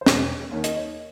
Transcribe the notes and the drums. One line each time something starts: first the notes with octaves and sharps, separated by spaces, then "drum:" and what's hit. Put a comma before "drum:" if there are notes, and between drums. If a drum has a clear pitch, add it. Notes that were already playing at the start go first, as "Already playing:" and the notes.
C5
E1 C#5, drum: snare
D#2 D#3 C#5
D#5, drum: hi-hat
C#5